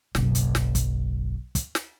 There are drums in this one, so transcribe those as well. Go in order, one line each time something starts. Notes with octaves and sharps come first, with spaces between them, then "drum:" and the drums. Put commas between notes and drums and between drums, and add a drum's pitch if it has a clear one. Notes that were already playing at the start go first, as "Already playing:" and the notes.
F#1 B1, drum: snare
drum: hi-hat
drum: snare
drum: kick, hi-hat
drum: kick, hi-hat
drum: snare